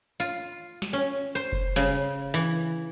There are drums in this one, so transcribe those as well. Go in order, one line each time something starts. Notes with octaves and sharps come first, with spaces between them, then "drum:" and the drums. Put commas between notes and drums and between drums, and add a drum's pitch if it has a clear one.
F4
drum: snare
C#4
C5
drum: kick F#1
C#3, drum: snare
E3